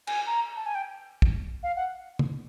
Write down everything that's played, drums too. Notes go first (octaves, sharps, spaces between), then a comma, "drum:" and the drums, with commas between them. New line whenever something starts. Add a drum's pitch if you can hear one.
G#5, drum: cymbal
A#5
A5
G#5
G5
drum: kick
F5
F#5
drum: tom